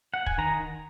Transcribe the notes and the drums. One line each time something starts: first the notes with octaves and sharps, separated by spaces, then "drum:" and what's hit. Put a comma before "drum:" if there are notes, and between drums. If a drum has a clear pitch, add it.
F#5
G#5, drum: kick
D#3 A#5